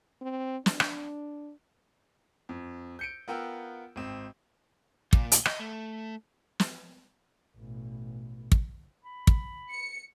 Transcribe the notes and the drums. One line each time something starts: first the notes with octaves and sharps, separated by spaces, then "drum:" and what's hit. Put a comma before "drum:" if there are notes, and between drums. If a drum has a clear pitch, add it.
C4
D4, drum: snare
drum: rim click
F2
G6 C#7 D7
B3 F4 A#4 F#5 G5 E6
G#1 C4
A#2, drum: kick
drum: hi-hat
D#5, drum: rim click
A3
drum: snare
A1 B2
drum: kick
B5
drum: kick
C#7